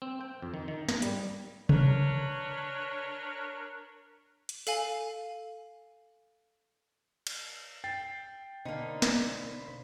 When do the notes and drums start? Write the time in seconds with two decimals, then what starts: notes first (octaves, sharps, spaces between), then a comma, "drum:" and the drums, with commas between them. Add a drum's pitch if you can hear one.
0.02 C4
0.21 G5
0.42 F2
0.54 D#3
0.68 D#3
0.89 G#2, drum: snare
1.02 G3, drum: hi-hat
1.69 D4 A#4 B4 C#5, drum: tom C3
4.49 drum: hi-hat
4.67 A4 F5 G#5, drum: open hi-hat
7.27 drum: cymbal
7.84 G5 A6 C7
8.65 B2 D3 A#3 D#4 C5 B5
9.02 drum: snare